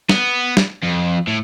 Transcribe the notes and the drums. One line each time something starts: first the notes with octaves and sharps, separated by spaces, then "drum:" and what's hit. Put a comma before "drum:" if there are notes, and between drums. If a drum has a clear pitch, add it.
B3, drum: snare
drum: snare
F2
A2